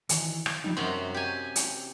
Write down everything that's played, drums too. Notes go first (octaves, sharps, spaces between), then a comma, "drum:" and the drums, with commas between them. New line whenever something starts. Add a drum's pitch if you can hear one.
D#3 E3, drum: hi-hat
drum: rim click
F3 G3 D#4
F#2 C3 F#3 C6
G4 G#5
drum: hi-hat